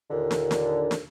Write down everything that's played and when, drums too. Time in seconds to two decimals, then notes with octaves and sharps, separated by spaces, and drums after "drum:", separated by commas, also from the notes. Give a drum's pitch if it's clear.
0.10 D#2 A#2 D3
0.31 drum: snare
0.51 drum: snare
0.91 drum: snare